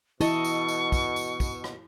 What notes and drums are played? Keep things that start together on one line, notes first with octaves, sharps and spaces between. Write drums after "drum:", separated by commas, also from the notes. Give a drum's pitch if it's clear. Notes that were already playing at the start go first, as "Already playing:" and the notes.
B2 E4 A4 D#5 C#6, drum: tambourine
drum: tambourine
drum: tambourine
drum: kick, tambourine
drum: tambourine
drum: kick, tambourine
drum: rim click